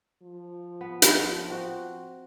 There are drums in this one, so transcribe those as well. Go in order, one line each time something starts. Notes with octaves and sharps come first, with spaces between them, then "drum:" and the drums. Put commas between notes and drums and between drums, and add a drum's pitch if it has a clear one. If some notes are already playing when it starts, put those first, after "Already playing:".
F3
B3
drum: hi-hat
C4 F#4